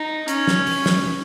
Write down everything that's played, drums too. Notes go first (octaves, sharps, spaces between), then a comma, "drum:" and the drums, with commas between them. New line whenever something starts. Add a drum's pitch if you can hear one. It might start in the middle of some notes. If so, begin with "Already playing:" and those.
Already playing: D#4
C#4, drum: hi-hat
drum: snare
drum: open hi-hat
drum: snare